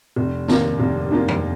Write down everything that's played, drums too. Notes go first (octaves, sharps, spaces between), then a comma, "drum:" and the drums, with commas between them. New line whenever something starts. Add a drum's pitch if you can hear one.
F1
D#2 D#3 A#3 F4, drum: snare
F1
D#2 D#3 A#3 F4
drum: tom F2